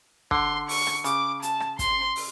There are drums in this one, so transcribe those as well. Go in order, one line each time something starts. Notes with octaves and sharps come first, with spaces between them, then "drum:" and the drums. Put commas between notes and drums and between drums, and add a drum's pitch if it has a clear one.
D3 C6, drum: kick
C#6, drum: open hi-hat
drum: rim click
C#3 D6, drum: hi-hat
A5, drum: hi-hat
drum: rim click
C6, drum: kick, hi-hat
drum: open hi-hat